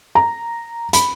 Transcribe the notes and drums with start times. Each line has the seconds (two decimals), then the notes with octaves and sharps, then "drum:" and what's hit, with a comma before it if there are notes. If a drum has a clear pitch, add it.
0.15 A#5
0.93 B5, drum: hi-hat